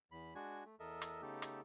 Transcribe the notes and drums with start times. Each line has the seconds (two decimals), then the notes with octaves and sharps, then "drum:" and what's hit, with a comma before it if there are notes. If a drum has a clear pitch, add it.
0.11 E2 B5
0.35 G#3 D4 F#4 G#5
0.65 A3
0.80 E2 A4 A#4 D#5 E5
1.02 drum: hi-hat
1.22 C#3 A3 B3 D#4 G4 A4
1.42 drum: hi-hat